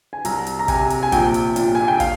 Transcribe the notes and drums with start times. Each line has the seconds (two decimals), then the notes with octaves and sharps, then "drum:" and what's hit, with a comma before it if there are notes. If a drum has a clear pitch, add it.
0.13 G#5
0.25 C2 A#5, drum: hi-hat
0.47 drum: hi-hat
0.59 A#5
0.68 C3 G#5, drum: kick, hi-hat
0.90 drum: hi-hat
1.03 G#5
1.12 A#1 G5, drum: kick, hi-hat
1.34 drum: hi-hat
1.56 A#2, drum: hi-hat
1.75 G#5
1.88 G5
2.00 F5, drum: kick, hi-hat